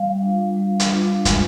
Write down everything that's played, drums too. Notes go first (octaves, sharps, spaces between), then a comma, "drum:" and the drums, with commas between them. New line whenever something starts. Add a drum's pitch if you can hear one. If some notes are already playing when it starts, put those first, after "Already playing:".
Already playing: G3 F5
D4 F4
G3
drum: hi-hat
D4 F4
G#3, drum: kick, hi-hat